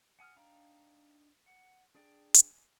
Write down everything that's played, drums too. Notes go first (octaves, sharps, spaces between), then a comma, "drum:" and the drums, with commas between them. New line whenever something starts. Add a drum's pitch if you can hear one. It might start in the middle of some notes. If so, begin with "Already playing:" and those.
F#5 G#5 D#6 F6
D4 D#4 F5 G5 A#5
F#5
D4 G#4 D5 G5
drum: hi-hat